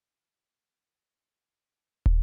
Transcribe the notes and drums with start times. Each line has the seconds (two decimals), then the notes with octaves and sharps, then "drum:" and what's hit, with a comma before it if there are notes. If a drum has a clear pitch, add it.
0.14 A2
1.02 G#6 A6
1.66 G3 B4 C5
2.06 drum: kick